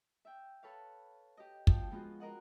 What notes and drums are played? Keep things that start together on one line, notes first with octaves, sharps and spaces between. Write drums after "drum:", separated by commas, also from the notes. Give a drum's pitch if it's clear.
E5 G5
A4 B4 C#5 F5
G4 D#5
D2 F3 F4 F5 G5, drum: kick
F3 G#3 B3 C#4 F4 F#4
F4 A#4 D#5 F#5